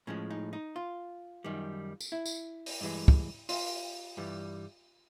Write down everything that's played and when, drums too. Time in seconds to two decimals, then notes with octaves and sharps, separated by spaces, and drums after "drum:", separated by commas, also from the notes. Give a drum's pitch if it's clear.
0.07 A2 F3 G#3 C#4
0.30 D#4
0.53 D#4
0.76 F4
1.44 F#2 D#3 G3
2.01 drum: tambourine
2.12 E4
2.26 drum: tambourine
2.66 drum: open hi-hat
2.81 G2 E3 G#3
3.08 drum: kick
3.49 F4, drum: open hi-hat
4.17 G2 E3 G3